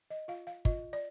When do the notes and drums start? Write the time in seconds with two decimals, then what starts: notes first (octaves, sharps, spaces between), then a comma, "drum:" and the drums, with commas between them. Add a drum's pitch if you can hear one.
0.10 D#5
0.28 F4 F5
0.47 F5
0.65 F4 D#5, drum: kick
0.93 D5